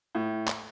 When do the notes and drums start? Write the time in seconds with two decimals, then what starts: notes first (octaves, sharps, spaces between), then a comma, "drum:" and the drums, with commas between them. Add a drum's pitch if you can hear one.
0.15 A2
0.47 drum: clap